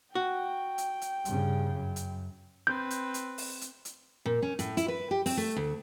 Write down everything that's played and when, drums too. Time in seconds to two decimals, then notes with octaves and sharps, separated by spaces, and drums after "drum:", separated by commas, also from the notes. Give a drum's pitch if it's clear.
0.15 F#4 G5
0.78 drum: hi-hat
1.01 drum: hi-hat
1.25 G2 C#3, drum: hi-hat
1.74 F#2
1.96 drum: hi-hat
2.67 C4 B4 G6
2.90 drum: hi-hat
3.14 drum: hi-hat
3.38 drum: open hi-hat
3.61 drum: hi-hat
3.85 drum: hi-hat
4.26 A#2
4.42 C#4
4.59 A2, drum: hi-hat
4.77 E4, drum: hi-hat
4.88 B4
5.11 G4
5.26 C4, drum: open hi-hat
5.37 A3
5.56 D2